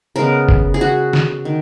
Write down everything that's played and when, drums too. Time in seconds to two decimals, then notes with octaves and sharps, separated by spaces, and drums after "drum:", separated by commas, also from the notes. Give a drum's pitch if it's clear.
0.16 C#3 G#3 B3 A#4
0.49 drum: kick F#1
0.74 G#4
0.81 F#4
1.13 drum: snare
1.45 D#3